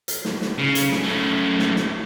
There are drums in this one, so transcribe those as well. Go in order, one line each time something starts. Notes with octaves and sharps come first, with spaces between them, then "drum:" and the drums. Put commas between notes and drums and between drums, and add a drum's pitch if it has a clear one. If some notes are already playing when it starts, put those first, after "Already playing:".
drum: hi-hat
drum: snare
drum: snare
C#3
drum: hi-hat
drum: snare
F#2 A3
drum: snare
drum: snare